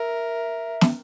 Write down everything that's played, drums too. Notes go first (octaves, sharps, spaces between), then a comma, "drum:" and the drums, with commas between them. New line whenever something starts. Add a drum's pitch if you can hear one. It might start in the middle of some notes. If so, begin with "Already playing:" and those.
Already playing: A#4 E5
drum: snare